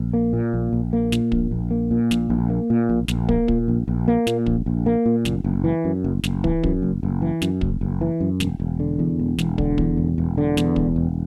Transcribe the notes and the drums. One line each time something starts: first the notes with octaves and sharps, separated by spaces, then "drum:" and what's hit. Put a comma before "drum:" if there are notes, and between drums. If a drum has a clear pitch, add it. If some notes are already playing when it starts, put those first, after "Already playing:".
Already playing: A#1
A#3
A#2
A#1
A#1
A#3
A#2, drum: snare
A#1, drum: kick
A#1
A#3
A#2
A#1, drum: snare
A#1
A#3
A#2
A#1
A#1, drum: snare
A#3, drum: kick
A#2, drum: kick
A#1
A#1
A#3
A#2, drum: snare
A#1, drum: kick
A#1
A#3
A#2
F#1, drum: snare
F#1
E3
F#2
F#1
F#1, drum: snare
E3, drum: kick
F#2, drum: kick
F#1
F#1
E3
F#2, drum: snare
F#1, drum: kick
F#1
E3
F#2
E1, drum: snare
E1
D3
E2
E1
E1, drum: snare
D3, drum: kick
E2, drum: kick
E1
E1
D3
E2, drum: snare
E1, drum: kick
E1